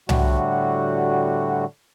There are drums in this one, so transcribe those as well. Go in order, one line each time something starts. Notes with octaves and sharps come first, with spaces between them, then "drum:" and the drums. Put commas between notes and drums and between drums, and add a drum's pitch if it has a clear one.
A2 D3 G3 F#4, drum: tom C2